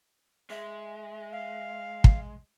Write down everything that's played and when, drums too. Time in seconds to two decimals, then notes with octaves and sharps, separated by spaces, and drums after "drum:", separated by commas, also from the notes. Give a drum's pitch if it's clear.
0.50 G#3 E5
1.32 F5
2.04 drum: kick